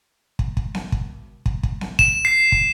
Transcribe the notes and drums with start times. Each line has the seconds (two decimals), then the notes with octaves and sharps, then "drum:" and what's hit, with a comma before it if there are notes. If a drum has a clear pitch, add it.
0.39 drum: kick
0.57 drum: kick
0.75 drum: snare B3
0.92 drum: kick
1.46 drum: kick
1.63 drum: kick
1.81 drum: snare B3
1.99 E7, drum: kick
2.25 C7
2.52 drum: kick